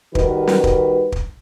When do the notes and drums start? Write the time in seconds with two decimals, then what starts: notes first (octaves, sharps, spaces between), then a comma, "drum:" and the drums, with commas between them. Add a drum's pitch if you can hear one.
0.15 D#3 G3 F#4 B4, drum: kick
0.47 drum: snare
0.64 drum: kick
1.12 drum: kick